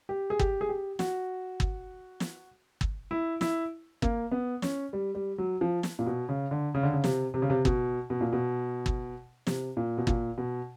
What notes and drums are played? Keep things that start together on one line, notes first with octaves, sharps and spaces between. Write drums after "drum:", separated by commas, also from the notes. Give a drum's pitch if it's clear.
G4
G#4
G4, drum: kick G1
G#4
G4
F#4, drum: snare
drum: kick G1
drum: snare
drum: kick G1
E4
E4, drum: snare
A#3, drum: kick G1
B3
C#4, drum: snare
G3
G3
F#3
F3
drum: snare
A#2
B2
C#3
D3
C#3
D3
C#3
C3, drum: snare
C3
C#3
C3
B2, drum: kick G1
B2
A#2
B2
drum: kick G1
C3, drum: snare
A#2
B2
A#2, drum: kick G1
B2